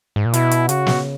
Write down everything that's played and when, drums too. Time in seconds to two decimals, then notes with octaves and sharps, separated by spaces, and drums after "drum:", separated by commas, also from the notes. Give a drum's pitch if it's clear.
0.16 G#2
0.25 A#2
0.34 B2 E4, drum: hi-hat
0.51 drum: hi-hat
0.69 C#3 F#4, drum: hi-hat
0.87 drum: snare